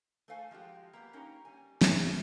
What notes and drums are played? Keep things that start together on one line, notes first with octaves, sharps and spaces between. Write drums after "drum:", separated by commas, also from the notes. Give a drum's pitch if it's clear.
A3 A4 C5 F5 G#5
F3 G#3 F#4 G4
A#3 B3 G4
A#3 C#4 D#4 G4 A#4
G3 G#5
E5 F#5, drum: snare